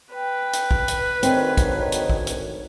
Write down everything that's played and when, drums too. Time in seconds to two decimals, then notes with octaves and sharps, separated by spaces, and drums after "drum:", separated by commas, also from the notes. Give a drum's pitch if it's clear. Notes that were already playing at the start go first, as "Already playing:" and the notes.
0.14 B4 G5
0.53 drum: hi-hat
0.71 drum: kick
0.88 drum: hi-hat
1.23 G#1 D2 D#3 C4 C#5, drum: hi-hat
1.57 drum: kick, hi-hat
1.92 drum: hi-hat
2.10 drum: kick
2.27 drum: hi-hat